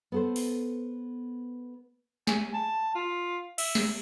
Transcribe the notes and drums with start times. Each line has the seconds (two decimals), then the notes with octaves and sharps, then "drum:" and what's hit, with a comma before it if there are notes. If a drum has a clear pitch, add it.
0.12 B3 A4 C5
0.36 drum: open hi-hat
2.27 G#5, drum: snare
2.54 A5
2.95 F4
3.58 E5, drum: cymbal
3.75 drum: snare